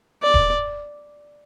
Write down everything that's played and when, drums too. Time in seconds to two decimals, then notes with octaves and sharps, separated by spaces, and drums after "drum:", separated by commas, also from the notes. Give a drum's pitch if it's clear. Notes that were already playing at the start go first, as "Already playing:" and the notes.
0.22 D5
0.34 drum: kick D#1